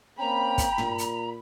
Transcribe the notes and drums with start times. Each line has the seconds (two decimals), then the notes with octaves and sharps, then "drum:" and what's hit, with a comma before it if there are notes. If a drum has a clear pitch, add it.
0.19 A#3 C4 C#4 G5 A#5 B5
0.58 drum: kick, hi-hat
0.78 A#2, drum: tom
0.98 drum: hi-hat